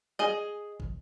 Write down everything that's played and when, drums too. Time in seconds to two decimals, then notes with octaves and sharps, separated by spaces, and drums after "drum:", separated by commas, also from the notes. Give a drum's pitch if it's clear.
0.19 G#4 D#5
0.80 drum: kick